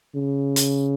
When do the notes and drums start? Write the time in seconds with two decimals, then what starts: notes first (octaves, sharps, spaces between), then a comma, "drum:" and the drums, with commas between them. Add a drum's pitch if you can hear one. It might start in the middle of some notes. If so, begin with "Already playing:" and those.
0.15 C#3
0.56 drum: hi-hat